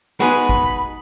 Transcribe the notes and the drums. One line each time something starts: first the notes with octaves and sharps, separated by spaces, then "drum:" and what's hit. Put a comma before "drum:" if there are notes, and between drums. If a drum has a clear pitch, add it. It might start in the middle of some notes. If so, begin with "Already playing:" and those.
G#3 B3 D#4 F#4 G#4 B5
drum: kick